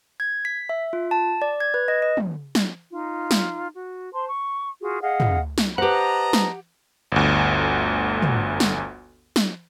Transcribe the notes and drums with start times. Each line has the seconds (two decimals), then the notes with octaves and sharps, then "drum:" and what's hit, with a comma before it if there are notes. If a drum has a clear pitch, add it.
0.20 G#6
0.45 B6
0.69 E5
0.93 F4
1.11 A5
1.42 D5
1.60 G#6
1.74 B4
1.88 D#5
2.02 D#5
2.17 drum: tom
2.55 drum: snare
2.90 D#4 F4
3.31 drum: snare
3.76 F#4
4.13 C5 A5 C6
4.28 C#6
4.80 F4 F#4 G#4
5.01 G#4 D#5 F5 F#5
5.20 drum: tom
5.58 drum: snare
5.78 G4 B4 C5 D#5 F#5 A5 A#5
6.33 drum: snare
7.12 G1 D2
8.22 drum: tom
8.60 drum: snare
9.36 drum: snare